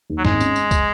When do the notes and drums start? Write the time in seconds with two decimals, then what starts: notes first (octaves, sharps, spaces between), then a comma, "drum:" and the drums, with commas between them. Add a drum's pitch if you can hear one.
0.10 D#2
0.18 F#3
0.25 G#1 G#3, drum: snare
0.40 C#4, drum: tambourine
0.56 drum: tambourine
0.71 drum: kick, tambourine